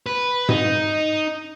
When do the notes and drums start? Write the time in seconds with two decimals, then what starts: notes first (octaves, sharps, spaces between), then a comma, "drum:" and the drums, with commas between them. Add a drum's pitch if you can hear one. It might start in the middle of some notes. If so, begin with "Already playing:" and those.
0.06 B4
0.49 D#4, drum: tom G#2